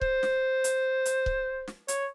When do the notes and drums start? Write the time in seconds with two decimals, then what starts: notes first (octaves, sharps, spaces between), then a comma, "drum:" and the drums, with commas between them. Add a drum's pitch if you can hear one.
0.01 C5, drum: kick C#1
0.23 drum: snare
0.64 drum: hi-hat
1.05 drum: hi-hat
1.26 drum: kick C#1
1.68 drum: snare
1.88 C#5, drum: hi-hat